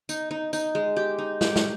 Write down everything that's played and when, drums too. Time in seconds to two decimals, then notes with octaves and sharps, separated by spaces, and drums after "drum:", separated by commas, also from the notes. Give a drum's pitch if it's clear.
0.09 D#4, drum: tambourine
0.31 D#4
0.53 D#4, drum: tambourine
0.75 G#3
0.97 G4
1.19 D#4
1.41 G4, drum: snare
1.56 drum: snare